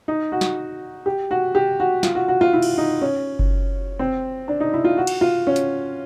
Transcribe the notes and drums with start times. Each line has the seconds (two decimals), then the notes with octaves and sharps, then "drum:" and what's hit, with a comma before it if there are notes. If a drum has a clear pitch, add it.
0.08 D#4
0.32 F#4
0.41 drum: snare
1.06 G4
1.31 F#4
1.55 G4
1.80 F#4
2.03 F4, drum: snare
2.15 F#4
2.28 F#4
2.41 F4
2.53 E4
2.62 drum: cymbal
2.78 D#4
3.01 C#4
3.39 drum: kick F#1
3.99 C4
4.48 D4
4.60 D#4
4.73 E4
4.85 F4
4.98 F#4
5.07 drum: cymbal
5.21 F4
5.47 C#4
5.56 drum: hi-hat